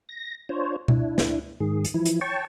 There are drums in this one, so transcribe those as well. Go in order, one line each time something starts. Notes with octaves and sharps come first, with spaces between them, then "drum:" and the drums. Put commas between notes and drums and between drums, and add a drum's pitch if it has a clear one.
A#6
D4 F4 C5 C#5
D4 E4, drum: tom B2
drum: snare
G#2 D#3 G#4
drum: hi-hat
E3 F3 E4
drum: hi-hat
C#5 G5 A5 C#6